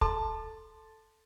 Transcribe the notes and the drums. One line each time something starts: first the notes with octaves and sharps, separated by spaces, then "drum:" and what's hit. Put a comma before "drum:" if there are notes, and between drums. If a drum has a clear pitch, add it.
A4 A5 C6, drum: kick